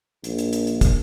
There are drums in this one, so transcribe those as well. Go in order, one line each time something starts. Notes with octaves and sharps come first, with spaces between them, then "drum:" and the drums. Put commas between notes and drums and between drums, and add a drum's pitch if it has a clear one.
A#1, drum: hi-hat
drum: hi-hat
drum: hi-hat
drum: hi-hat
drum: kick, hi-hat